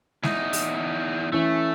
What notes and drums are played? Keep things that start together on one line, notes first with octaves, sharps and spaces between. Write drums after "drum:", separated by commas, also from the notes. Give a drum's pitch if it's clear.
E2 D#4 E4, drum: snare G#3
drum: open hi-hat
E3 A3 C#4 E4